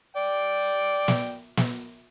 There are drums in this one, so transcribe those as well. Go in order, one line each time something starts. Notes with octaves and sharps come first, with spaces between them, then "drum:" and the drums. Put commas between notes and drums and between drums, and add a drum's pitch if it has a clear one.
D5 G5
drum: snare
drum: snare